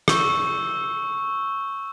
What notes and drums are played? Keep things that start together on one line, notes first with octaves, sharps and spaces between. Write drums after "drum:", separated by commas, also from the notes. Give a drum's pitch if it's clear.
C#6 E6 G6 G7, drum: rim click